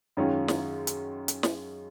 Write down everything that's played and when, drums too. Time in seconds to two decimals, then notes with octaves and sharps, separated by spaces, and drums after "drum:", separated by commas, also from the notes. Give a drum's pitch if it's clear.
0.17 F#2 D#3 G#3 C#4 F4
0.48 drum: snare
0.87 drum: hi-hat
1.28 drum: hi-hat
1.43 drum: snare